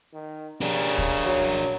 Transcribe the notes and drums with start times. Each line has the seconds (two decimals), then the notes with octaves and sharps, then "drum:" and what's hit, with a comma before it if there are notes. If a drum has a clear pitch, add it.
0.13 D#3
0.61 C#3 G3 D4 A#4
0.98 drum: kick
1.25 F#3